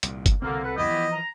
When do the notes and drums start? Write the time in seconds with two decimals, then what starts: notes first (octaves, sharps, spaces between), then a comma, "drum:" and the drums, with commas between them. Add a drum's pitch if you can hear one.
0.03 C2 A#2, drum: hi-hat
0.26 drum: kick G1, hi-hat
0.42 C2 B2 D3 A#3 C4
0.63 A4 B4 F#5
0.77 C2 F2 C#3 B3 E4 G4 D#5
0.90 E3 F3
1.12 A#5